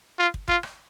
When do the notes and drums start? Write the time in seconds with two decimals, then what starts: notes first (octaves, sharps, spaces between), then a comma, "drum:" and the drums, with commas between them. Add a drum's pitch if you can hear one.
0.19 F4
0.34 drum: kick
0.48 F4, drum: kick
0.63 drum: rim click